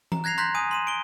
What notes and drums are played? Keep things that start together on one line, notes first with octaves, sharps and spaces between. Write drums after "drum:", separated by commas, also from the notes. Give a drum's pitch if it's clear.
A#5, drum: tom E3
F#6 G#6 A#6 C7 F7
A#5 C6 F#6 G6 A#6 B6
G#5 D#6 D#7
C6 D#7 E7
D7 G7